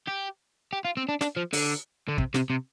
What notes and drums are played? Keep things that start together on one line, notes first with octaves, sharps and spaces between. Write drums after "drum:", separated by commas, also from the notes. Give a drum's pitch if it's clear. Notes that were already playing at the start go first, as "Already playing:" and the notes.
G4
G4
F4
C4
D4
D4, drum: snare
F3
D3, drum: open hi-hat
D3
C3, drum: kick
C3, drum: snare
C3